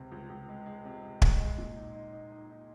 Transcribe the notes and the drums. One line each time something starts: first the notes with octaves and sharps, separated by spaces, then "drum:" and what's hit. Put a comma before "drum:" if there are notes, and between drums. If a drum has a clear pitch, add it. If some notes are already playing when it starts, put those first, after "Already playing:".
Already playing: C#2 C3
C#2
C#2
G#3
G#3
C3
G#3
G#3, drum: kick
G#3
A#2
D#4
D#4
D#4
D#4
D#4